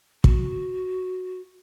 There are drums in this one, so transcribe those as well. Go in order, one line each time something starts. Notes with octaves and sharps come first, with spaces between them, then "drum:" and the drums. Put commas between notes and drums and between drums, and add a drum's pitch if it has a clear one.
F#4, drum: kick